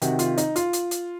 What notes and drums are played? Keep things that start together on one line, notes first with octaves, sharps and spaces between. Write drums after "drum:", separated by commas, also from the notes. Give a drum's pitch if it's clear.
C3 D#3 F#4, drum: hi-hat
F4, drum: hi-hat
D#4, drum: hi-hat
F4, drum: hi-hat
drum: hi-hat
drum: hi-hat